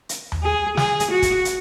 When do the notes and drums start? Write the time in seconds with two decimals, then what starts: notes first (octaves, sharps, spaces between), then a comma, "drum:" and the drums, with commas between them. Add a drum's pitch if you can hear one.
0.09 drum: hi-hat
0.32 drum: tom D#2
0.43 G#4
0.77 G#4, drum: snare
1.00 drum: hi-hat
1.11 F#4
1.22 drum: kick, hi-hat
1.45 drum: hi-hat